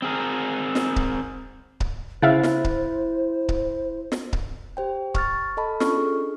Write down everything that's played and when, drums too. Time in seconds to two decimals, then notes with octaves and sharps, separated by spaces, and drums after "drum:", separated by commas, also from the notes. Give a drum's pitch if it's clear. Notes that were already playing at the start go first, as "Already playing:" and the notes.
0.02 C4 G#4 A#4
0.75 drum: snare
0.96 drum: kick C#1
1.80 drum: kick C#1
2.22 C#3 E4 C5 E5 F5
2.43 drum: snare
2.64 drum: kick C#1
3.49 drum: kick C#1
4.12 drum: snare
4.33 drum: kick C#1
4.77 G4 C5 G5
5.14 C#6 F6 A6, drum: kick C#1
5.57 A4 D#5 A5 B5
5.80 C#4 D4 F4 A4 C#6 F6, drum: snare
5.97 G#4